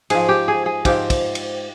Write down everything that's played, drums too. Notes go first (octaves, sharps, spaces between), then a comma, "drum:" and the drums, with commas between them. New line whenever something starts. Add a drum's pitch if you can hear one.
G#2 F3 G#4, drum: cymbal
G4
G#4
G#4
G#2 F3 G4, drum: kick, cymbal
drum: kick, cymbal
drum: cymbal